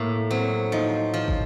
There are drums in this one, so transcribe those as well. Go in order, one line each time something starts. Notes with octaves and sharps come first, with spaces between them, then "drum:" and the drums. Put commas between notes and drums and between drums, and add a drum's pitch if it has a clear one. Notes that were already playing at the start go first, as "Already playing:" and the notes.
Already playing: A2 A#3
F#3 C4
F3 D#4
F3
drum: kick